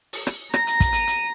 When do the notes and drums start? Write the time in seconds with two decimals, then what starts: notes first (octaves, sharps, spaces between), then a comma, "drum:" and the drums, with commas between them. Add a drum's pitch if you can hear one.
0.13 drum: open hi-hat
0.27 drum: rim click
0.53 A#5 A#6, drum: rim click
0.67 drum: hi-hat
0.80 drum: kick, hi-hat
0.93 D#7, drum: hi-hat
1.07 drum: hi-hat